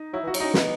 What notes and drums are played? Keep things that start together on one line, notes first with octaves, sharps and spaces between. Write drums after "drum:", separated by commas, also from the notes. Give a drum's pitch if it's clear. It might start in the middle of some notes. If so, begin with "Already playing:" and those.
Already playing: D#4
F#3 E4
E3
F#4
F#3, drum: cymbal
C#4 D#4
B3 D#4, drum: snare